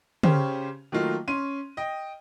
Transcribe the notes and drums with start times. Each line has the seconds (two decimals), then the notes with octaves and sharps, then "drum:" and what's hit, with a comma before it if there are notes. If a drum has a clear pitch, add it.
0.23 C#3 C#4 G4 C5, drum: tom
0.92 D#3 F#3 A3 A#3 F4
1.28 C#4 C6 D#7
1.77 D#5 G5